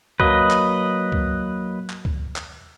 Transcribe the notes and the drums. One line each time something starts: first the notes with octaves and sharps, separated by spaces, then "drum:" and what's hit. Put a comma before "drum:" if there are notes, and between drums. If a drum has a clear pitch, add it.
F#3 A#3 B4 D#5, drum: kick C#2
drum: clap
drum: kick C#2
drum: clap
drum: kick C#2
drum: clap